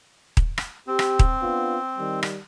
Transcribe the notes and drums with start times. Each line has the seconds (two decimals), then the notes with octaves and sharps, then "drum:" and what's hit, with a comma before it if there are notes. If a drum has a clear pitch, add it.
0.37 drum: kick D#1
0.58 drum: rim click
0.87 C4 G4
0.99 drum: rim click
1.19 drum: kick D#1
1.40 B3 D4 F4
1.97 D#3 G3
2.23 drum: rim click